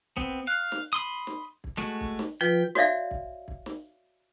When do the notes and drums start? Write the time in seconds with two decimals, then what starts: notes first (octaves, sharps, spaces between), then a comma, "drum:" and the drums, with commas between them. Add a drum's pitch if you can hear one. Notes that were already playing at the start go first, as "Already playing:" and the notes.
0.17 B3 C4, drum: kick
0.47 F5 F#6
0.72 drum: snare
0.93 B5 C6 D#6
1.27 drum: snare
1.64 drum: kick
1.77 G#3 A3 F#4
2.01 drum: kick
2.19 drum: snare
2.41 F3 F4 B4 G5
2.75 F#4 C#5 D5 E5 F5, drum: snare
3.11 drum: kick
3.48 drum: kick
3.66 drum: snare